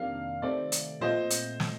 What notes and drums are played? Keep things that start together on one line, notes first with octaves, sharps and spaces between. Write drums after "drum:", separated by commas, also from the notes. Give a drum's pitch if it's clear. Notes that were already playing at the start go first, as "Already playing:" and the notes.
Already playing: F2 C3 D#3 A#3 D4 F5
C3 D#3 A3 C4 D5
drum: hi-hat
A#2 F3 A3 C4 C5 D#5
drum: hi-hat
drum: snare